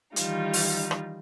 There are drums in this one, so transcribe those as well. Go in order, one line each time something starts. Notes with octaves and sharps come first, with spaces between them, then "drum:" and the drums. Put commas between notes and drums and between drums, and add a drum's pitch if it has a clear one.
D#3 E3 G3 D#4 F4, drum: hi-hat
drum: open hi-hat
drum: rim click